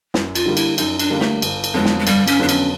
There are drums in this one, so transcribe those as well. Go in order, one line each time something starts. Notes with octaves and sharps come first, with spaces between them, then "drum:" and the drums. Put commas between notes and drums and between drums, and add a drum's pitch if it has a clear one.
F#2, drum: snare
F4, drum: cymbal
D3 G3 A#3
E4, drum: cymbal
F#2 D#4, drum: cymbal
D4, drum: cymbal
D3 G3 A#3
A3, drum: snare
G1, drum: cymbal
drum: cymbal
F2 D3 F#3 G#3 B3
drum: snare
G#3
G1 G3, drum: cymbal
C#4, drum: cymbal
F2 D3 F#3 B3 D4
C#4, drum: cymbal